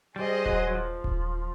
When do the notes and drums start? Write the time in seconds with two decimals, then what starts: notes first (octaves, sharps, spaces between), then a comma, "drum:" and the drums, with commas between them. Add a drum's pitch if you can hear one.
0.16 G3 G#4 C5 D#5
0.46 F#3, drum: kick D#1
0.67 F#3
0.75 F3
1.04 drum: kick D#1